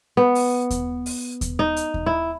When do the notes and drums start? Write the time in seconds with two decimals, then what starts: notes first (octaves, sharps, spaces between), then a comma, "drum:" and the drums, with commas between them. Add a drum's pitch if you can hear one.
0.17 B3
0.35 drum: open hi-hat
0.70 drum: kick D#2, hi-hat
1.06 drum: open hi-hat
1.41 drum: kick D#2, hi-hat
1.59 D#4
1.76 drum: hi-hat
1.94 drum: kick D#2
2.06 E4